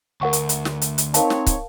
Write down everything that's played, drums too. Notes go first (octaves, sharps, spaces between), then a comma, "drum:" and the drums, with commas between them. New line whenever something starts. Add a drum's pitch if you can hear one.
D2 A#4 F#5 C#6
drum: hi-hat
drum: hi-hat
drum: snare
drum: hi-hat
drum: hi-hat
C4 D#4 A#4 C#5 F5 A5, drum: hi-hat
drum: snare
drum: kick, hi-hat